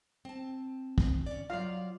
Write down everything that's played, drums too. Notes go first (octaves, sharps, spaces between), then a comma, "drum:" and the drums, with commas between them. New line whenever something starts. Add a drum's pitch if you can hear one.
C4 A5
drum: kick
C#4 D5
F#3 F4 D5 D#5 F5